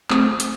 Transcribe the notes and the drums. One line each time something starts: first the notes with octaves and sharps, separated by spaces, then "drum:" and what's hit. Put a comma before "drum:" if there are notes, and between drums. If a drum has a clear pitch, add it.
A3 C4, drum: clap
drum: hi-hat